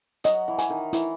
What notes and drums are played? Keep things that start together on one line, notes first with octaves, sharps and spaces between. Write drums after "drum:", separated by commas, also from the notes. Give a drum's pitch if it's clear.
F#3 D#5, drum: hi-hat
E3
G#5, drum: hi-hat
D#3
E3 E4, drum: hi-hat